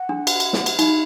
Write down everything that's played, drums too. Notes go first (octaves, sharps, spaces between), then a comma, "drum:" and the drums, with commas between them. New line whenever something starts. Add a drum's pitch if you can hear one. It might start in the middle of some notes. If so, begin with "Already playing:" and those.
Already playing: F#5
D4
drum: cymbal
drum: cymbal
drum: snare
drum: cymbal
D#4 B5, drum: cymbal